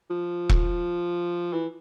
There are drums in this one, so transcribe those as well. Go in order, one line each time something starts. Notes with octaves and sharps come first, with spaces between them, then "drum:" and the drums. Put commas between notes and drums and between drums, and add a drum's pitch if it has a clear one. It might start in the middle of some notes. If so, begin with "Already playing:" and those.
F3
drum: kick E1
E3